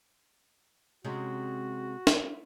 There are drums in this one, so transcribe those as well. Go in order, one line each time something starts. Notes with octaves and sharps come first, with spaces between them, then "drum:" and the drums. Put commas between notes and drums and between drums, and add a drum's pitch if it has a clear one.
C3 G#3 C#4 F#4
E4, drum: snare